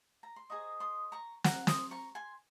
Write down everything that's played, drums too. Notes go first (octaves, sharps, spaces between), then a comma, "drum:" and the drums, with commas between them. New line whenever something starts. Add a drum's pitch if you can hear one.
A#5
C6
G#4 C5 D#5 A#5 C#6
C6 D#6
A#5 C#6
F#5 A#5, drum: snare
C6 D#6, drum: snare
A#5 C#6
G#5 C6